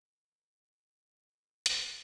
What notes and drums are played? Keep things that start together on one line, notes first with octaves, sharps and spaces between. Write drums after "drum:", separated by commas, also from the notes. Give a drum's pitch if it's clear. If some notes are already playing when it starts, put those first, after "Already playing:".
E2 C#3 E3 A3 A4 B4
A#4 C5
A4
C#3 F3 G#3 C#4 G#4 A#4
drum: hi-hat